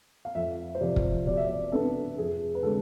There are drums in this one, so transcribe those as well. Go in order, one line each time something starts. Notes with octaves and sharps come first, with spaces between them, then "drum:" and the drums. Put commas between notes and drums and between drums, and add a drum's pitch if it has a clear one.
F5
F2 E5
C5
C3 F3 D5
drum: kick
B2 D5
E5
D5
B3 D4 A4
F2 G#4
B4
D3 G#3 C4 A4